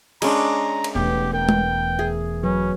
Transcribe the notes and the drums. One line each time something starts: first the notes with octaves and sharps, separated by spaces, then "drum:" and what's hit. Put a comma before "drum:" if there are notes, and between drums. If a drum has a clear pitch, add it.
G#3 C#4 D4 A#5, drum: cymbal
drum: cymbal
E1 E2 A3 B3 G4
A#4 G5
drum: tom G#3
G#4 E5
F#3 C#4 B4